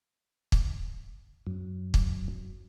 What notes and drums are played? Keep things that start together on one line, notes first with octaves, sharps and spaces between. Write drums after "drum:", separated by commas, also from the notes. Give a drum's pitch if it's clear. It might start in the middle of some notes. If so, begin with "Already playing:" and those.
drum: kick
F#2
drum: kick